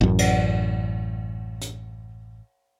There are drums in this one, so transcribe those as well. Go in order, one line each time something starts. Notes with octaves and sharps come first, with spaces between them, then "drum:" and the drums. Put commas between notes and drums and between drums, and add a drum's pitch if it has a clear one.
A1 F#2
drum: cymbal
drum: hi-hat